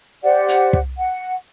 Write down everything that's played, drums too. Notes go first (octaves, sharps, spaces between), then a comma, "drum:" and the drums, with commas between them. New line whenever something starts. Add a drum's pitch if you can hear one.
G4 C5 D5 F#5
drum: hi-hat
drum: kick
F#5